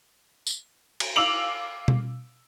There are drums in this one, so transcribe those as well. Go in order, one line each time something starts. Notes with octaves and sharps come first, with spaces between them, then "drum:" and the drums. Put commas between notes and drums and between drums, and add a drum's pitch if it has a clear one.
drum: tambourine
drum: cymbal
F5 D6 E6 D7 F7 F#7
drum: tom B2